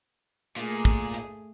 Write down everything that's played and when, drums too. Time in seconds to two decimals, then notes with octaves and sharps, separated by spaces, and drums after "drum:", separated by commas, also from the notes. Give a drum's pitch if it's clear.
0.56 A#2 A3 G#4, drum: hi-hat
0.85 drum: kick
1.14 drum: hi-hat